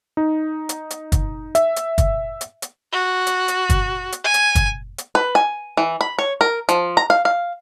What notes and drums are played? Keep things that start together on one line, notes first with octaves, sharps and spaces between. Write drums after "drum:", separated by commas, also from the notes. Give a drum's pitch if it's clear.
D#4
drum: hi-hat
drum: hi-hat
drum: kick, hi-hat
E5, drum: hi-hat
drum: hi-hat
drum: kick, hi-hat
drum: hi-hat
drum: hi-hat
F#4
drum: hi-hat
drum: hi-hat
drum: kick, hi-hat
drum: hi-hat
G#5
drum: hi-hat
drum: kick, hi-hat
drum: hi-hat
B4
G#5
E3
B5
C#5
A#4
F3, drum: hi-hat
A#5
F5
F5